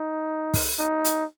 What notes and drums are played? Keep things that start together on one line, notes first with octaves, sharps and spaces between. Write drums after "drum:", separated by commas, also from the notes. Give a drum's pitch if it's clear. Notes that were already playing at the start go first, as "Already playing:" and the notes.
Already playing: D#4
drum: kick, open hi-hat
D#4
drum: hi-hat